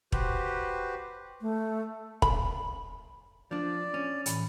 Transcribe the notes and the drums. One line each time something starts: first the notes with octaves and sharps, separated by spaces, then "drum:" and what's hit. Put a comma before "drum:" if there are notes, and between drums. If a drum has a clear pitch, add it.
F#4 G4 B4 C5, drum: kick
A3
B5, drum: kick
F3 D4 D5
C#4
A2 E3 B5, drum: hi-hat